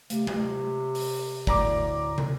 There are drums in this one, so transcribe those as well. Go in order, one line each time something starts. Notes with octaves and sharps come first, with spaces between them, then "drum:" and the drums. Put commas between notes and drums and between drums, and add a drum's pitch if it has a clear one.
C3 A3, drum: hi-hat
drum: tom G#3
drum: open hi-hat
D2 A2 D5 A#5 D6, drum: kick
drum: tom